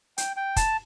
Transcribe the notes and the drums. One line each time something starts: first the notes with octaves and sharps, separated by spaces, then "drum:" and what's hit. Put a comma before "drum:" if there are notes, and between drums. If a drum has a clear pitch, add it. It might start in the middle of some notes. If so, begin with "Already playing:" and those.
G5, drum: hi-hat
G5
A5, drum: kick, hi-hat